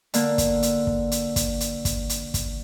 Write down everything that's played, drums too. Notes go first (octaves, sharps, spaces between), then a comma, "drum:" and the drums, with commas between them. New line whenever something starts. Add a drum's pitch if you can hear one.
D3 A#3, drum: hi-hat
drum: kick, hi-hat
drum: hi-hat
drum: kick
drum: hi-hat
drum: kick, hi-hat
drum: hi-hat
drum: kick, hi-hat
drum: hi-hat
drum: kick, hi-hat